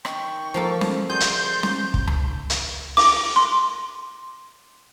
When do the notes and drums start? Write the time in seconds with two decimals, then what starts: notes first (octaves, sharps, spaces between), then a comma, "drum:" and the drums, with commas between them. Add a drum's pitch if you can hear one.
0.05 D#3 G5 C#6, drum: rim click
0.54 F3 A#3 A4
0.81 drum: snare
1.09 F#4 G#4 D5 C6 G6
1.20 drum: hi-hat
1.63 drum: snare
1.94 drum: kick
2.07 drum: tom C#2
2.50 drum: hi-hat
2.97 D6, drum: open hi-hat
3.36 C6